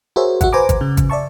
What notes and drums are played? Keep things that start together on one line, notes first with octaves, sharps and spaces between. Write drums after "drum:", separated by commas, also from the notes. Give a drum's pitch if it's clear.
F#4 G#4 A#4 C5 C#5 E5
F#4 E5 F#5, drum: kick G#1, hi-hat
B4 C5 G#5 A#5 D6
drum: kick G#1, hi-hat
C#3
drum: kick G#1, hi-hat
D5 E5 A5 C#6